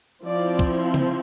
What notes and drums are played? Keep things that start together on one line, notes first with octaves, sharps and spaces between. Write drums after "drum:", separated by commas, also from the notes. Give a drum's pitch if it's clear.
F3 C4 E4 D5
drum: kick
drum: tom C#3